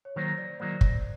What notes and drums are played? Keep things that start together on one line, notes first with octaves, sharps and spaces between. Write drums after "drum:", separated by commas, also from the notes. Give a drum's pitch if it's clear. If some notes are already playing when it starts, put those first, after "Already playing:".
C#5
D#3 F#3 A#3 C5
D5
D#3 F#3 A#3 D5
D5, drum: kick